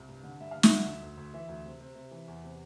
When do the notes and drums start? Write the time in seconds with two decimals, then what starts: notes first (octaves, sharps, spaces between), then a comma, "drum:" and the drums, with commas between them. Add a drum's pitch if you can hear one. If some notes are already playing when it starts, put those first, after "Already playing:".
Already playing: C2 F4
0.09 G2
0.24 D3
0.40 G2 E5
0.51 D3 F5
0.63 E5, drum: snare
0.71 D3
0.87 D2
1.03 D2
1.17 D2
1.33 E3 E5
1.49 D2
1.65 C3
1.81 C3
1.95 C3
2.11 E3
2.28 E2
2.43 C3